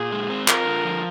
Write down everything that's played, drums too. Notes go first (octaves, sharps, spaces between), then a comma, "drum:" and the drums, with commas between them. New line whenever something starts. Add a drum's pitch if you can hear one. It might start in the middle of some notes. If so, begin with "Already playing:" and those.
Already playing: A#2 G#4
G#3
C4
F4 A#4, drum: clap
D3
F3